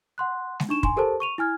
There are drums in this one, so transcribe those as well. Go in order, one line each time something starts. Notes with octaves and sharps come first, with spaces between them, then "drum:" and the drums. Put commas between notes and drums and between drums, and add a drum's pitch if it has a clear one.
F#5 C6 F#6
drum: snare
D4 D#4 C#6 E7
G#5 C6, drum: kick
G4 A4 A#4 C5 A5
C#6 D#7 F7
E4 G#5 F6 G#6